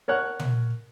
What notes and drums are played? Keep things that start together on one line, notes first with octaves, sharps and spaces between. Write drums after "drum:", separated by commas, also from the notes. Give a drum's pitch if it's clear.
A#4 C#5 F#5 F#6
drum: tom